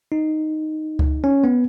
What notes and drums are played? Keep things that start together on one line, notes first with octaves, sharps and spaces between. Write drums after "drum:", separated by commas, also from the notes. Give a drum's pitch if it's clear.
D#4
drum: kick C#2
C#4
B3